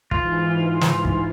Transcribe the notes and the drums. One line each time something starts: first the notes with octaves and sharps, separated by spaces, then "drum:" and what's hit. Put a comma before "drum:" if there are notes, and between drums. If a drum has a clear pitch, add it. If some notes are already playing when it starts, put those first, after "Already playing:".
G#2 E3 F4, drum: kick
drum: snare
drum: kick